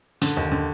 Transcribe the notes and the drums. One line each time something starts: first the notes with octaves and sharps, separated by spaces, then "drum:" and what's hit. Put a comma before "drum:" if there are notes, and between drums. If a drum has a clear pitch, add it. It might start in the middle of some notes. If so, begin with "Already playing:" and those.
D3, drum: hi-hat
D#2
D3